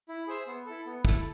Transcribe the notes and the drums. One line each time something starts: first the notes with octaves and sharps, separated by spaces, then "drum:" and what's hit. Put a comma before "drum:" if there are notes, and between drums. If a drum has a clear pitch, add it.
E4
G#4 C5 E5
B3
E4 A4
B3
E4 A4, drum: kick